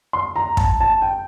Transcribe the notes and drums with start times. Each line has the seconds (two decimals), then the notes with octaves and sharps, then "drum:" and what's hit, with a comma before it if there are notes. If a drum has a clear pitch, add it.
0.13 C6
0.36 A#5
0.57 A5, drum: kick
0.81 A5
1.02 G5